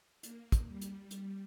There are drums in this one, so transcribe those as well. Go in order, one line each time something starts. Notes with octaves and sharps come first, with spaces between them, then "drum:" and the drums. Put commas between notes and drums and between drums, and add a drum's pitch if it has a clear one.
A#3, drum: hi-hat
drum: kick, hi-hat
G3
drum: hi-hat
drum: hi-hat